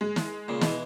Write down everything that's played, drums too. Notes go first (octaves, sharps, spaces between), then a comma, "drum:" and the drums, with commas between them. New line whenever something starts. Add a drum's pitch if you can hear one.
G#3
drum: snare
A#2 C#3
B2 E3, drum: snare